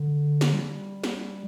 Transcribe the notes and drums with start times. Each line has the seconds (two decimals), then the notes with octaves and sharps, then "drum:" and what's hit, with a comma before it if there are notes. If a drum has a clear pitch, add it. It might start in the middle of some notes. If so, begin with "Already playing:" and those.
Already playing: D3
0.41 drum: snare
0.53 G3
1.04 drum: snare